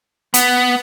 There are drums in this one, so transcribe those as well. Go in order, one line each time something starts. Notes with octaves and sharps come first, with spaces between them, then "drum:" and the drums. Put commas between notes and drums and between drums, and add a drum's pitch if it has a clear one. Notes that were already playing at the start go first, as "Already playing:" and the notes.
B3, drum: hi-hat